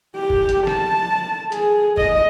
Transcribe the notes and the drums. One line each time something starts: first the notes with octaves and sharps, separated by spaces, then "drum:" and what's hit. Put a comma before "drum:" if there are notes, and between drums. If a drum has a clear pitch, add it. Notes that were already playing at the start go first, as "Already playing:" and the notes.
G4
drum: kick F#1
drum: hi-hat
A5, drum: snare
G#4, drum: hi-hat
D#5, drum: kick F#1